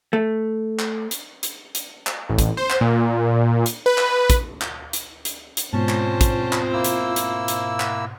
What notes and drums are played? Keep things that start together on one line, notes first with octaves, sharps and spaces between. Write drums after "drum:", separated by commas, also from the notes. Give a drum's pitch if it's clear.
A3
drum: clap
drum: hi-hat
drum: hi-hat
drum: hi-hat
drum: clap
A1
drum: kick, hi-hat
C5
drum: clap
A#2
drum: hi-hat
B4
drum: clap
drum: kick, hi-hat
drum: clap
drum: hi-hat
drum: hi-hat
drum: hi-hat
G#2 B2 C4 C#4 F4 C5 A5
drum: clap
drum: kick, hi-hat
drum: clap
A#3 E4 E6
drum: hi-hat
drum: hi-hat
drum: hi-hat
drum: clap